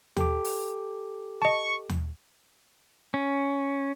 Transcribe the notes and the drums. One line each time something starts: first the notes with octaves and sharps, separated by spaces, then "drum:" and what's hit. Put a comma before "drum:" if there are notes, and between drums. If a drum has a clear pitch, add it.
G4 A4 D6, drum: tom D#2
drum: open hi-hat
D#5 A5 C#6
drum: tom D#2
C#4